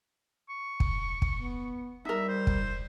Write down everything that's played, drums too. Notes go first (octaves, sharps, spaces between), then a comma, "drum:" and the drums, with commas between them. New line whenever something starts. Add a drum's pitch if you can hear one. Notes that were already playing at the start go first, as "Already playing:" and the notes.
C#6
drum: kick
drum: kick
B3
G3 D#4 A#4 E5
C5
drum: kick